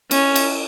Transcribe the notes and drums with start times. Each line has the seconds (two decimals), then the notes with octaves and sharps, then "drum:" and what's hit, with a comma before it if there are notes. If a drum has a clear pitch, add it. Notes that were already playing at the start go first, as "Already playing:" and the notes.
0.11 C#4, drum: cymbal
0.36 drum: cymbal